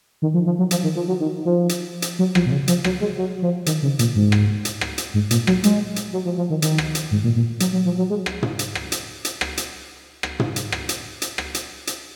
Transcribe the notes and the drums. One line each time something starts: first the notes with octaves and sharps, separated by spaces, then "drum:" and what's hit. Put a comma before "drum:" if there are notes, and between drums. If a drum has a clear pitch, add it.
D#3
F3
F3
F#3
F3, drum: hi-hat
D#3
F3
F#3
D#3
F3
drum: hi-hat
drum: hi-hat
F#3
F3, drum: rim click
B2
C#3
F3, drum: hi-hat
F#3, drum: rim click
G#3
F#3
F3
D#3, drum: hi-hat
C#3
A#2, drum: hi-hat
G#2
drum: rim click
drum: hi-hat
drum: rim click
drum: hi-hat
G#2
A#2, drum: hi-hat
F#3, drum: rim click
G#3, drum: hi-hat
drum: hi-hat
F#3
F3
F3
D#3
D#3, drum: hi-hat
drum: rim click
drum: hi-hat
G#2
A#2
A#2
F#3, drum: hi-hat
F#3
F3
F#3
G#3
drum: rim click
drum: tom
drum: hi-hat
drum: rim click
drum: hi-hat
drum: hi-hat
drum: rim click
drum: hi-hat
drum: rim click
drum: tom
drum: hi-hat
drum: rim click
drum: hi-hat
drum: hi-hat
drum: rim click
drum: hi-hat
drum: hi-hat